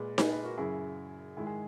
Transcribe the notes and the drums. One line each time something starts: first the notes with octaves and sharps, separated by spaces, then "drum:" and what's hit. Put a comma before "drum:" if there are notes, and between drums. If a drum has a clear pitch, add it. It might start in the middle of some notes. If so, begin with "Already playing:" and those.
Already playing: A#2 G#3 G#4 B4
G#4 B4, drum: snare D#4
G#4 B4
F#4 A#4
F#2 C#3 F#3 E4 G#4
G#2 D#3 G#3 E4 G#4
G#4